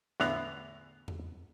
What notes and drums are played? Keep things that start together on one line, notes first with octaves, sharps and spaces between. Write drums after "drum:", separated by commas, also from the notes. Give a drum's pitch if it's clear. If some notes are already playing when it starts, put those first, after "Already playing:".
E2 A2 D3 B3 F5 A#5, drum: snare
drum: tom E2